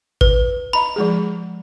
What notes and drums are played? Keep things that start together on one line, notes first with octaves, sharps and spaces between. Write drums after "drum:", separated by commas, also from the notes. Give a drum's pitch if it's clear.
B4, drum: kick G#1
D#5 A#5 B5
F3 G#3 G#4